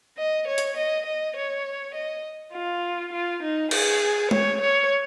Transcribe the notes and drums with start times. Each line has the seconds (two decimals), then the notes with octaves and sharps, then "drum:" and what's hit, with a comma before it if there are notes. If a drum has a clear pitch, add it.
0.17 D#5
0.47 C#5
0.58 drum: hi-hat
0.77 D#5
1.06 D#5
1.36 C#5
1.94 D#5
2.53 F4
3.13 F4
3.43 D#4
3.71 G#4, drum: cymbal
4.31 C#5, drum: tom G#3
4.61 C#5